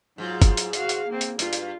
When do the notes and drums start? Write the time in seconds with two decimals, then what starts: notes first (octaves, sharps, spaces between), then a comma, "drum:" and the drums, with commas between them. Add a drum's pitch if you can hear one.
0.18 G#2 F#3 F4
0.42 drum: kick, hi-hat
0.57 drum: hi-hat
0.73 F#4 F5, drum: hi-hat
0.89 drum: hi-hat
1.09 A#3 C4
1.21 drum: hi-hat
1.39 G2 F4, drum: hi-hat
1.53 drum: hi-hat